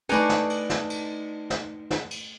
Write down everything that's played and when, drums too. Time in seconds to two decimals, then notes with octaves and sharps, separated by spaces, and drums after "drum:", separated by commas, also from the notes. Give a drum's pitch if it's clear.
0.09 A3 D4 D#4 B4 D5 G#5 A#5 C#6, drum: cymbal
0.29 drum: snare
0.50 drum: cymbal
0.70 drum: snare
0.90 drum: cymbal
1.50 drum: snare
1.90 drum: snare
2.11 drum: cymbal